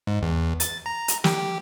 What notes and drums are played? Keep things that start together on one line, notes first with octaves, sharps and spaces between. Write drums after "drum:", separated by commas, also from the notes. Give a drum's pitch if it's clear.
G#2
E2
A6, drum: hi-hat
A#5
drum: hi-hat
G4, drum: snare